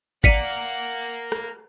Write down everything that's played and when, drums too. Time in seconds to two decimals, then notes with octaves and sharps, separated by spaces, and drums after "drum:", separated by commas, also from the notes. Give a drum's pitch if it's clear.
0.24 A#4 D5 F5 F#5 B6 C#7 D#7, drum: kick
1.32 drum: rim click